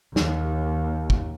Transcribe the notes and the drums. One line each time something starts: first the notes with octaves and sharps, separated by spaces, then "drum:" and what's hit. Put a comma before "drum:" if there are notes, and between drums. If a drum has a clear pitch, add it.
D#2, drum: snare
drum: kick